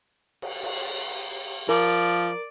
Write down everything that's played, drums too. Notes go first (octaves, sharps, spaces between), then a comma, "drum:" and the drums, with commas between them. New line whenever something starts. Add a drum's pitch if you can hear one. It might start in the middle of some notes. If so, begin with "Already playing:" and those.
drum: cymbal
drum: cymbal
F3 A#4 D5, drum: hi-hat